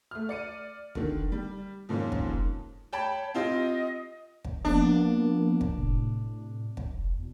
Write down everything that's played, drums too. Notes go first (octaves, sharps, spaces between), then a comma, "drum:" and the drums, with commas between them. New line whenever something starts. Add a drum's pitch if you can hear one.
A3 F6
D5 C#7 D#7
D3 D#3, drum: kick
G3
F2 G#2 D#3 A#3 C#4
drum: kick
C#5 G5 A5 B5
C4 F4 G4 D#5
drum: kick
F3 A#3 B3 D4
drum: kick
A2 C3
drum: kick
E2 B2